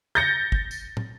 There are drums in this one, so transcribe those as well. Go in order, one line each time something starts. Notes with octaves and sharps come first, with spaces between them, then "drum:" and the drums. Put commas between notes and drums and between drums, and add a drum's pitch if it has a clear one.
G6 A6 A#6 C#7
drum: kick G#1
drum: tambourine
drum: tom